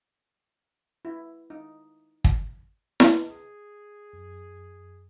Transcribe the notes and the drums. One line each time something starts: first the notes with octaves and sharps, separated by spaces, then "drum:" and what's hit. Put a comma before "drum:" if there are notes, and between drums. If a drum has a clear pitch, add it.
E4
D#4
drum: kick
drum: snare E4
G#4
F#2